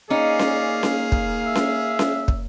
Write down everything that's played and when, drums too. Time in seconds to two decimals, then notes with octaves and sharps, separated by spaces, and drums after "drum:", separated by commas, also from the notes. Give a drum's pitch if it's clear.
0.10 A#3 C#4 D#4 G#4 D5 F5
0.39 drum: snare C#4
0.83 drum: snare C#4
1.12 drum: kick
1.46 E5
1.55 drum: snare C#4
1.99 drum: snare C#4
2.28 drum: kick